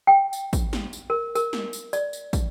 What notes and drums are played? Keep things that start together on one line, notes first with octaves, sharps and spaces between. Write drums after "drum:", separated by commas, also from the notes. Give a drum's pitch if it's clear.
G5
drum: tambourine
drum: kick, tambourine
drum: snare
drum: tambourine
A#4
A#4, drum: tambourine
drum: snare
drum: tambourine
D5, drum: tambourine
drum: tambourine
drum: kick, tambourine